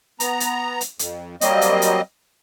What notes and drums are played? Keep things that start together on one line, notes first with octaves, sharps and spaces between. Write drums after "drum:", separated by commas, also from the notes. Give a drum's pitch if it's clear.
B3 A#5, drum: hi-hat
drum: hi-hat
drum: hi-hat
F2, drum: hi-hat
F#3 G3 A#3 C4 D#5, drum: hi-hat
drum: hi-hat
drum: hi-hat